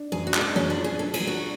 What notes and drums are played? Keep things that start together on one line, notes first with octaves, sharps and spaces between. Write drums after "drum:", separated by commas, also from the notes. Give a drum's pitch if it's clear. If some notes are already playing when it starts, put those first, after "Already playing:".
Already playing: D4
F#2 G#4
F#4
G#3, drum: clap
D4
F#2 C#4
D4
F3
G#4
D4 A4
G#4, drum: cymbal
F#3
F#4